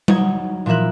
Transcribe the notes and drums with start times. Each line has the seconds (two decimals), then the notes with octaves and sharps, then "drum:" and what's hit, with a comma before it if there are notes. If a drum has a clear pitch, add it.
0.08 F#3 D#4 G#6, drum: tom G3
0.66 A#2 E3 F3 A#4 E5 F#6